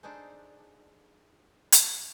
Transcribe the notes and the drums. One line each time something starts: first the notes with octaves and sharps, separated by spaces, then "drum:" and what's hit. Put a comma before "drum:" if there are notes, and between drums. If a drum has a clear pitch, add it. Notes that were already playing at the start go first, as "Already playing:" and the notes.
D4 D#4 G#4 A4 C5
drum: hi-hat